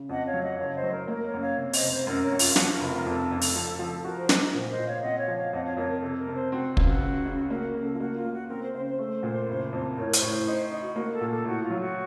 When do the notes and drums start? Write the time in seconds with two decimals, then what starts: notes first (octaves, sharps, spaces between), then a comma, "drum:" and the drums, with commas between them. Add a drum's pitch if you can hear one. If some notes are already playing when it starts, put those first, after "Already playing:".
Already playing: C#3
0.09 F2 D#5 F#5
0.25 C#5 F5
0.34 F#3
0.43 D#5 F#5
0.59 F#1 C#5 F5
0.75 C5 D#5
0.83 F#3
0.91 A#4
1.08 A#3 A#4
1.24 A#4 C#5
1.33 F#2
1.40 C#5 F5
1.57 C3
1.73 C5 D#5, drum: open hi-hat
1.82 F1
1.90 C5
2.07 F#2 A#4
2.23 A#4 C#5
2.32 F#2
2.39 F4, drum: open hi-hat
2.56 F3 F#4, drum: snare
2.72 A#4
2.81 F1
2.90 A#4
3.06 F2 A4
3.31 F2
3.41 drum: open hi-hat
3.55 F3
3.79 F3
4.04 F#4 A#4
4.18 C5
4.29 D#4 A#4, drum: snare
4.54 A#2 C5
4.70 C5 D#5
4.78 A#2
4.87 C#5 F5
5.03 C4 D#5 F#5
5.20 C#5 F5
5.28 F3
5.36 C#5 F5
5.53 F2 D#5 F#5
5.65 C#5 F5
5.77 F2 A#4 C#5
5.90 A#4
6.02 C3 A4
6.19 A#4
6.27 C3
6.35 C5
6.52 C4 F#4
6.77 C#2, drum: kick
6.84 F#4
7.01 C#3
7.26 C#3
7.50 A#3 F#4
7.74 C#3
7.83 A4
7.94 F4
8.00 A#3 F#4
8.16 F4
8.24 A#3
8.33 F#4
8.49 C4 A#4
8.62 C5
8.74 C#3 C5
8.86 C5
8.99 A3
9.23 A#2
9.48 F#1
9.73 F2
9.97 A2 A#4 C#5
10.09 A#4
10.13 C5, drum: hi-hat
10.22 A2
10.27 C#5
10.30 C5
10.47 D#4 C5
10.72 D#4
10.80 F#4
10.96 A#3 F#4
11.13 A4
11.21 A#2
11.30 A4
11.45 A2 F#4
11.63 F4
11.70 F#3
11.79 F#4